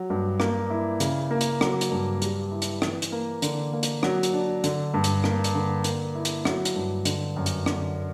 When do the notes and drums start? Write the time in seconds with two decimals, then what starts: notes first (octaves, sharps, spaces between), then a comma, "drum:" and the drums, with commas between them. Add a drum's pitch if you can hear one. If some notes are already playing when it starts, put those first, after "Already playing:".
Already playing: F#3
0.10 G2
0.40 A#3, drum: rim click
0.70 E4
1.00 C#3, drum: hi-hat
1.31 A#3
1.41 drum: hi-hat
1.61 F#3, drum: rim click
1.81 drum: hi-hat
1.91 G2
2.22 G3, drum: hi-hat
2.52 E4
2.62 drum: hi-hat
2.82 E3, drum: rim click
3.02 drum: hi-hat
3.12 A#3
3.42 D3, drum: hi-hat
3.73 A#3
3.83 drum: hi-hat
4.03 F#3, drum: rim click
4.23 drum: hi-hat
4.33 D4
4.64 D3, drum: hi-hat
4.94 G2
5.04 drum: hi-hat
5.24 A#3, drum: rim click
5.44 drum: hi-hat
5.55 D3
5.84 A#3, drum: hi-hat
6.15 E4
6.25 drum: hi-hat
6.45 F#3, drum: rim click
6.65 drum: hi-hat
6.76 G2
7.05 D3, drum: hi-hat
7.36 F#2
7.46 drum: hi-hat
7.66 D3, drum: rim click